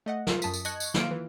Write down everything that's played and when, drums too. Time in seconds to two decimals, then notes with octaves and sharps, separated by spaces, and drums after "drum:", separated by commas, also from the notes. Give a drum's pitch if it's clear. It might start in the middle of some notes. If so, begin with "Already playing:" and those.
0.06 A3 D#5 F#5
0.27 F4 A#4, drum: snare
0.42 F#2 A5 D#6 B6, drum: tambourine
0.54 drum: tambourine
0.65 D#5 A5 C#6 F#6 G#6 C#7, drum: tambourine
0.80 drum: tambourine
0.94 D#3 A#3 F4 F5 F6 D7, drum: snare
1.11 E3